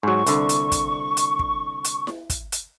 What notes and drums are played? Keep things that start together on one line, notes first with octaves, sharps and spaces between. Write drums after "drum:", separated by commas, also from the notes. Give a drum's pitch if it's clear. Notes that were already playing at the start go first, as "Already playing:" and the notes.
G#2 F#3 C#6
C2 D3, drum: hi-hat
drum: hi-hat
drum: kick, hi-hat
drum: hi-hat
drum: kick
drum: hi-hat
drum: snare E4
drum: kick, hi-hat
drum: hi-hat